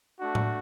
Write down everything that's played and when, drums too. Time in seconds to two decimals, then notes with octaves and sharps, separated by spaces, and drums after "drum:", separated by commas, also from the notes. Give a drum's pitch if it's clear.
0.18 A3 D4 F#4
0.35 drum: tom A2